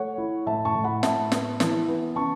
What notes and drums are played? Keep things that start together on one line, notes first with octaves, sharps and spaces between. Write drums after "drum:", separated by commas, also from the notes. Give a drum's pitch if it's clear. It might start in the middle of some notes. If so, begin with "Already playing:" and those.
Already playing: A3 C#5 F#5
E4
A2 E5 A5
A5 C#6
A2
F#5 B5
A2 E5 A5, drum: snare
B3, drum: snare
E3, drum: snare
B3
C#4 A5 C#6